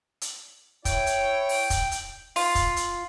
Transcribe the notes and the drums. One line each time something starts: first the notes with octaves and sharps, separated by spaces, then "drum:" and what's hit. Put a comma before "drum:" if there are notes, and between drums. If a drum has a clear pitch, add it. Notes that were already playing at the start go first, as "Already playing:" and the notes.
drum: hi-hat
E4 C#5 G5, drum: kick, hi-hat
drum: hi-hat
drum: open hi-hat
drum: kick, hi-hat
drum: hi-hat
F4, drum: open hi-hat
drum: kick, hi-hat
drum: hi-hat